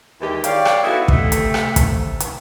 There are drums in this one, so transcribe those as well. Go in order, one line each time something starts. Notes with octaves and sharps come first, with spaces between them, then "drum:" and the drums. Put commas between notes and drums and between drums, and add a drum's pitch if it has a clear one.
D#2 E3 G#3 G4
G4 C#5 D5 F5, drum: hi-hat
drum: rim click
B3 D#4 E4 F#4 A4
C3 A3, drum: kick
drum: hi-hat
drum: rim click
drum: kick, hi-hat
drum: hi-hat